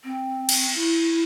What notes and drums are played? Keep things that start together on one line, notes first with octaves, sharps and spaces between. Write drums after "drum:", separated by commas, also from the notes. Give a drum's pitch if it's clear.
C4
drum: cymbal
E4